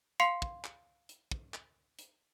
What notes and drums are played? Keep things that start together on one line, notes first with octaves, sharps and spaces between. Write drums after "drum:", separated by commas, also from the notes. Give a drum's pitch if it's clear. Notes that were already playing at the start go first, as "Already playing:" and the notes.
F5 C6 C7 C#7 F7, drum: hi-hat
drum: kick
drum: clap
drum: hi-hat
drum: kick
drum: clap
drum: hi-hat